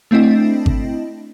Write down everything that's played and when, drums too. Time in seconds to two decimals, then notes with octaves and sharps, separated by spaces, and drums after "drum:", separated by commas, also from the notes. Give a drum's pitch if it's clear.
0.11 A3 C4 D4 E4 D#5
0.66 drum: kick G#1